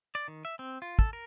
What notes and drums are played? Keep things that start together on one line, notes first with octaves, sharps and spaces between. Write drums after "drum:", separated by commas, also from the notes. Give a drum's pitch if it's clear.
D5
D#3
E5
C4
F4
A4, drum: kick
A#4